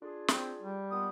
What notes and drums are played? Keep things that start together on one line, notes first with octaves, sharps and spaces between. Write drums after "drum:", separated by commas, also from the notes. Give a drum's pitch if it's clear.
D4 F4 G#4
C4, drum: snare
G3
A#2 G#3 B3 D#6